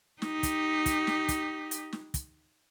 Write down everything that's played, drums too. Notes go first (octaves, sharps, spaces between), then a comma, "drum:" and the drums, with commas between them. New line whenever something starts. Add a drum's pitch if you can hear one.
D#4 G4, drum: snare
drum: kick, hi-hat
drum: kick, hi-hat
drum: snare
drum: kick, hi-hat
drum: hi-hat
drum: snare
drum: kick, hi-hat